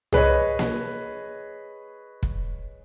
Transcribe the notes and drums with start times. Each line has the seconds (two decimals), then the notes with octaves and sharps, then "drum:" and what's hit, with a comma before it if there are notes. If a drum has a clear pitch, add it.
0.12 G#4 B4 C#5 D#5, drum: tom C2
0.59 drum: snare A#3
2.23 drum: kick